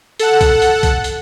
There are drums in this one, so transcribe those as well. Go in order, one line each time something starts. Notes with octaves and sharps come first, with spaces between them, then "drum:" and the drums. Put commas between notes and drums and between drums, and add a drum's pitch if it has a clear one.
A4 F#5, drum: hi-hat
drum: kick B1, hi-hat
drum: hi-hat
drum: kick B1, hi-hat
drum: hi-hat